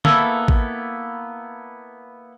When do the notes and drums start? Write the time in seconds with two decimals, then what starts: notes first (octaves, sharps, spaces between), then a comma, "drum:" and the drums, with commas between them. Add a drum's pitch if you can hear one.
0.05 A#3 B3 E4 A4, drum: tom D3
0.48 drum: kick A1